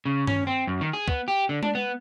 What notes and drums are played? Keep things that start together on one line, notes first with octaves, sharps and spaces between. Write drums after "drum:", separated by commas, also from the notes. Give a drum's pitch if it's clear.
C#3
C#4, drum: tom
C4
F#2
D#3
G#4
B3, drum: kick
G4
D3
D4, drum: tom G#3
B3